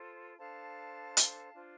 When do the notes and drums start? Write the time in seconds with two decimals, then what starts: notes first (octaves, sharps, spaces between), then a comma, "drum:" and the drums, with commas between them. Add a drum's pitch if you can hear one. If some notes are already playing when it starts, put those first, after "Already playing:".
Already playing: F4 A4 C5
0.37 D4 A4 C5 F5 A5
1.17 drum: hi-hat
1.53 D4 F4 C5